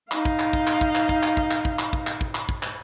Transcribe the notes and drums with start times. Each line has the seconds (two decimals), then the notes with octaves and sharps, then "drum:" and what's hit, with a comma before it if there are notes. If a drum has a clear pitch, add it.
0.11 D#4 F5, drum: clap
0.25 drum: kick
0.39 drum: clap
0.53 drum: kick
0.67 drum: clap
0.81 drum: kick
0.95 drum: clap
1.09 drum: kick
1.23 drum: clap
1.37 drum: kick
1.51 drum: clap
1.65 drum: kick
1.79 drum: clap
1.93 drum: kick
2.07 drum: clap
2.21 drum: kick
2.35 drum: clap
2.49 drum: kick
2.63 drum: clap